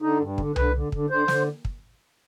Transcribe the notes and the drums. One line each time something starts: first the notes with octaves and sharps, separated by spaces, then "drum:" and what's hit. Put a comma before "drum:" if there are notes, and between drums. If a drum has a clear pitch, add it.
D3 D#4
G2
D3, drum: kick
D3 B4, drum: tom C2
D3
D3, drum: kick
D3 C5
D3, drum: snare
drum: kick